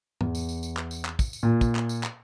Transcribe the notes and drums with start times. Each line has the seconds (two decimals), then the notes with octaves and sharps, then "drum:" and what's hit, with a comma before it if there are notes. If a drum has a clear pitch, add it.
0.21 E2, drum: tom G#2
0.35 drum: tambourine
0.49 drum: tambourine
0.63 drum: tambourine
0.77 drum: clap
0.91 drum: tambourine
1.05 drum: clap
1.19 drum: kick, tambourine
1.33 drum: tambourine
1.43 A#2
1.61 drum: kick, tambourine
1.75 drum: clap
1.89 drum: tambourine
2.03 drum: clap